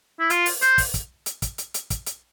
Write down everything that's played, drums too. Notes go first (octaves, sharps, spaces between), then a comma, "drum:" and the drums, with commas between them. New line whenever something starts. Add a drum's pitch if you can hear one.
E4
F4, drum: hi-hat
drum: open hi-hat
C5, drum: hi-hat
drum: kick, open hi-hat
drum: kick, hi-hat
drum: hi-hat
drum: kick, hi-hat
drum: hi-hat
drum: hi-hat
drum: kick, hi-hat
drum: hi-hat